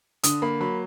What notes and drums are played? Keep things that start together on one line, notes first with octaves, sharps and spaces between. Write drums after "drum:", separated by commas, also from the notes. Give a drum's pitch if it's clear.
D3 D#6, drum: hi-hat
A#3 B5
F#3 B5